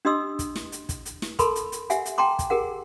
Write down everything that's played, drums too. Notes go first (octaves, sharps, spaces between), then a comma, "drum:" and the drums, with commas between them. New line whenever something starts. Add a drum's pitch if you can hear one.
D4 G4 D#5 C6 D#6 E6
drum: kick, hi-hat
drum: snare
drum: hi-hat
drum: kick, hi-hat
drum: hi-hat
drum: snare
A4 A#4 A5 B5 C6, drum: kick, hi-hat
drum: hi-hat
drum: hi-hat
G4 E5 F#5 G#5, drum: hi-hat
drum: hi-hat
G5 A5 A#5 C6 D6
drum: kick, hi-hat
G4 G#4 A#4 F#5